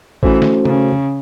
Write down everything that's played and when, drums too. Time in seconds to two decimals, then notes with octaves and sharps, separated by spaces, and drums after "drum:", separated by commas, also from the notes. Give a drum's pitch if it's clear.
0.23 E3 A3 C#4 F#4 A4 C5, drum: kick A1
0.42 drum: snare
0.65 C#3, drum: tom C#3